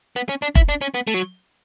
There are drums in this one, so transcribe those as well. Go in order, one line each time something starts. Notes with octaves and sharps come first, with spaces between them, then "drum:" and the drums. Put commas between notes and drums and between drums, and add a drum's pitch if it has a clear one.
B3
C#4
D4
E4, drum: kick F1
D4
C#4
B3
A3
F#3